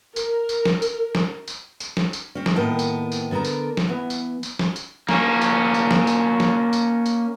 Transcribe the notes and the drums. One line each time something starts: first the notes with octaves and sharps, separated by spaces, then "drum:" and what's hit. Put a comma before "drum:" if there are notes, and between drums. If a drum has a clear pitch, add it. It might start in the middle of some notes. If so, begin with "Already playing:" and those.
A#4, drum: tambourine
drum: tambourine
drum: snare
drum: tambourine
drum: snare
drum: tambourine
drum: tambourine
drum: snare
drum: tambourine
C4 C#4
drum: snare
A2 D#3 A#3 B3 G5 A5
drum: tambourine
drum: tambourine
D3 B3 A4 A#4 A#5
drum: tambourine
drum: snare
E3 B3
drum: tambourine
drum: tambourine
drum: snare
drum: tambourine
A#3 C#4, drum: snare
drum: tambourine
drum: tambourine
drum: snare
drum: tambourine
drum: snare
drum: tambourine
drum: tambourine